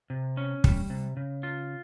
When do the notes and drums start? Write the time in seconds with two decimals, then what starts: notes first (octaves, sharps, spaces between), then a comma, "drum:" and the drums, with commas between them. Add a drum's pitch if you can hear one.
0.10 C3
0.37 C#4
0.64 G3, drum: kick
0.90 C3
1.17 C#3
1.43 F4